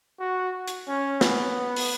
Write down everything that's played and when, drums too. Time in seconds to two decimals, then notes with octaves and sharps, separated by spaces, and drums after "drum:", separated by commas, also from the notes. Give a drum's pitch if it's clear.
0.20 F#4
0.68 drum: hi-hat
0.88 C#4
1.21 B3, drum: snare
1.76 drum: open hi-hat